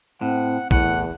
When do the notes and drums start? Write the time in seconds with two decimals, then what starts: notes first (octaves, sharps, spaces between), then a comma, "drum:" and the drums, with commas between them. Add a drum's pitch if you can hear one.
0.21 A2 C4 F#5
0.71 E2 A2 F#5, drum: kick